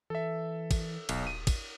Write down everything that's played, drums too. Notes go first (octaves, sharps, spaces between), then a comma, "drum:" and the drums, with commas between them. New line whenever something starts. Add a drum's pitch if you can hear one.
E3 A4 E5
drum: kick, cymbal
D#1 B1, drum: cymbal
D#7
drum: kick, cymbal